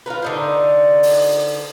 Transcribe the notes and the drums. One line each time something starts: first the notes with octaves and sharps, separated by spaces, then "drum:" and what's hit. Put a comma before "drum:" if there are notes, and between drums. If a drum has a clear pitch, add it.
F4 F#4 A#4 B4
D3 D#4 C5
drum: open hi-hat